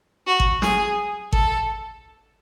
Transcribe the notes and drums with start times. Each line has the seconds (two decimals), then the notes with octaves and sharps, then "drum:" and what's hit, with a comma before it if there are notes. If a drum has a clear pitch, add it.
0.27 F#4
0.40 drum: kick
0.62 G#4, drum: snare
1.33 A4, drum: kick